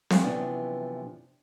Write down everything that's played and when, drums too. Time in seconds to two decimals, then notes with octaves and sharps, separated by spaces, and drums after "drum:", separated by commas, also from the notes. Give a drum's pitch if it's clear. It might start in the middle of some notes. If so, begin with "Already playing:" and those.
0.10 drum: snare C4
0.24 F#2 C3 E3 F3 B3 D4